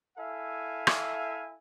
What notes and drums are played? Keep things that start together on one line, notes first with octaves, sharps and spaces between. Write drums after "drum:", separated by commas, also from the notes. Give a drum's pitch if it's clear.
E4 A4 E5 F5 G#5
drum: rim click